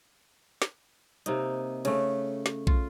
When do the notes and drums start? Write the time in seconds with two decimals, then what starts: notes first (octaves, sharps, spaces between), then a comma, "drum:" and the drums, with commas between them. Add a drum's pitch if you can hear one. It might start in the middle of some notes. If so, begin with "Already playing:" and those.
0.62 drum: snare
1.26 C3 A#3 D#4, drum: hi-hat
1.85 C#3 A3, drum: cymbal
2.46 drum: snare
2.67 F4, drum: kick